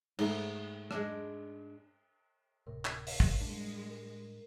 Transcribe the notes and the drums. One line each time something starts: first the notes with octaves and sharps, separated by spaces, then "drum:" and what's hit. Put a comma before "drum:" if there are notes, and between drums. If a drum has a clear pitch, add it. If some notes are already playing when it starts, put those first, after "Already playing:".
G#2 A3, drum: cymbal
G#3 D4, drum: rim click
D1 A2 C3 A#4
drum: clap
drum: open hi-hat
drum: kick
A2 G3 G#3 D4
A#4